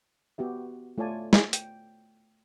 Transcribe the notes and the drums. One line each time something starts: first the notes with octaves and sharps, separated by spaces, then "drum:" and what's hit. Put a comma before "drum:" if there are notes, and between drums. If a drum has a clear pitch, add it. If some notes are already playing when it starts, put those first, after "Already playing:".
B3 F#4 G4 E5
A3 F4 C#5 D5 G#5 A5
drum: snare
G5, drum: hi-hat